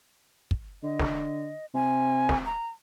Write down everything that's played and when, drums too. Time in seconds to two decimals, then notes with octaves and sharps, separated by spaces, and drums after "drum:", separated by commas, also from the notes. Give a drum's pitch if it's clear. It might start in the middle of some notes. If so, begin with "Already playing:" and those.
0.51 drum: kick
0.83 D3 D#5
1.00 drum: snare
1.74 C3 G#5
2.29 drum: snare
2.45 A#5